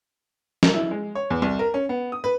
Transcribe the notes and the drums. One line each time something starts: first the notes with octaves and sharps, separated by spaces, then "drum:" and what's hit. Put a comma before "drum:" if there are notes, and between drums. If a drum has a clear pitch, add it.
A#4, drum: snare
E4
G#3
C#5
E2
C2
A#4
C#4
B3
D#6
B4